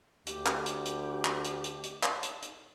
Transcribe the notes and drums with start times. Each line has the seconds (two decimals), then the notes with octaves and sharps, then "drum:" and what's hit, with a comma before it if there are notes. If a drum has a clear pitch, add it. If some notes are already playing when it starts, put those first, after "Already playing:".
0.27 D2 G4, drum: hi-hat
0.46 drum: clap
0.66 drum: hi-hat
0.85 drum: hi-hat
1.25 drum: clap
1.44 drum: hi-hat
1.64 drum: hi-hat
1.84 drum: hi-hat
2.03 drum: clap
2.23 drum: hi-hat
2.42 drum: hi-hat